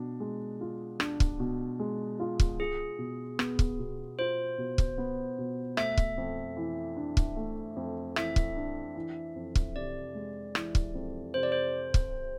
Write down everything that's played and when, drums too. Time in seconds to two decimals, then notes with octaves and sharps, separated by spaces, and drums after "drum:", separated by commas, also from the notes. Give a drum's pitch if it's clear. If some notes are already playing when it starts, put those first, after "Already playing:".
Already playing: B2 D4
0.20 G#3
0.61 F4
1.00 D4, drum: rim click
1.20 drum: kick
1.40 B2
1.79 G#3
2.20 F4
2.40 drum: kick
2.60 F4 G#4
2.99 B2
3.39 B3, drum: rim click
3.59 drum: kick
3.79 B2
4.19 F4 C5
4.58 B2
4.78 drum: kick
4.98 B3
5.38 B2
5.77 A3 E5, drum: rim click
5.97 drum: kick
6.18 F2
6.57 E3
6.97 D4
7.17 drum: kick
7.36 A3
7.76 F2
8.16 E3 E5, drum: rim click
8.36 drum: kick
8.56 D4
8.95 E3
9.36 F2
9.55 drum: kick
9.76 C3 D5
10.15 G#3
10.55 E3, drum: rim click
10.75 drum: kick
10.95 F2
11.34 C3 C5
11.43 D5
11.52 C5
11.94 drum: kick